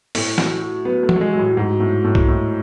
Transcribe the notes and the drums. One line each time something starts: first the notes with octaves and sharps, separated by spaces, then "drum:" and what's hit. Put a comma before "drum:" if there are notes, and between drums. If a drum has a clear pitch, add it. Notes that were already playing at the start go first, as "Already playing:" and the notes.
A2 A3, drum: open hi-hat
F#4, drum: snare E3
F#4
F#3 B3
A3
F#4, drum: tom E3
A3
G#3
F#3
A2
G#2 F#3
A2
A2
drum: kick
A2